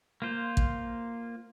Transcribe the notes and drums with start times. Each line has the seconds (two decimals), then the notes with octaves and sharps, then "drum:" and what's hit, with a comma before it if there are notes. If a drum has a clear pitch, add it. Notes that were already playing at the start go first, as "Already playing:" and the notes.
0.22 A#3 F4 C5
0.57 drum: kick